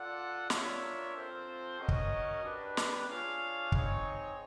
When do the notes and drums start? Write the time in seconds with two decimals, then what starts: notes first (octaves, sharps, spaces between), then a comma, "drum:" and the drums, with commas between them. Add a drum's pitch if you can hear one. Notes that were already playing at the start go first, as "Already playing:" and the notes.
Already playing: F4 A4 D5 F#5
0.50 D4 F4 A#4 C#5 E5, drum: snare
1.14 C4 F4 A4 C5
1.78 C#4 F#4 A#4 D#5
1.88 drum: kick
2.43 D4 G4 B4
2.77 drum: snare
3.08 D4 F4 G#4 C#5 F5
3.72 C4 D#4 G#4 C#5, drum: kick